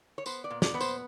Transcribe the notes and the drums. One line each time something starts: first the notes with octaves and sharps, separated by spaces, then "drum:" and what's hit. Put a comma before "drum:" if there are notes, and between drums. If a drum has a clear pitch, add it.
C#5
B3 C5, drum: tambourine
D5
A#2
D5, drum: snare
B3
C5, drum: tambourine